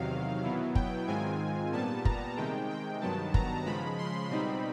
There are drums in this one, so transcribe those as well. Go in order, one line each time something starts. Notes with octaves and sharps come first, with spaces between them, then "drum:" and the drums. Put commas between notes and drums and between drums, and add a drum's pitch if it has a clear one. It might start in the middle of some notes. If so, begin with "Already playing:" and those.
Already playing: E2 C3 D#3 F#3 F5
B2 F#3 B3 E4
G5, drum: kick F#1
G#2 D#3 G#3 C4 F4 G#5
A#2 G3 B3 A5
A#5, drum: kick F#1
C3 D#3 G#3 G5
G5
G2 D#3 F#3 B3 A5
A#5, drum: kick F#1
C#3 F3 G#3 B5
C6
B2 G3 C4 D#4 B5